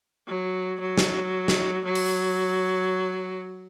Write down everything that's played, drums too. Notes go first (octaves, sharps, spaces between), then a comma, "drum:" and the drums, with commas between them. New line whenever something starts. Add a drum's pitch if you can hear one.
F#3
F#3
drum: snare
drum: snare
F#3
drum: open hi-hat